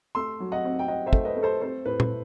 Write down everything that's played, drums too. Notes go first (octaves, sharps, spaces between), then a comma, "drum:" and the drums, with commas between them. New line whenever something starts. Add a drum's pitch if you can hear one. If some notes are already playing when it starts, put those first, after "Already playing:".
A3 C6 E6
F#3
D#5 F#5
C4
G5
C4 D#5 F#5
C5 E5
A3, drum: kick
B4 D#5
A3
A4 C5
C4 A4 C5
A2 B4
drum: tom A#2